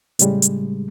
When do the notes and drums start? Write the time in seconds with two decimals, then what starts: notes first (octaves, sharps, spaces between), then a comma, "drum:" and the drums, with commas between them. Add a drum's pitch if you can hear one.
0.19 A2 C#3 G3 G#3, drum: hi-hat
0.42 drum: hi-hat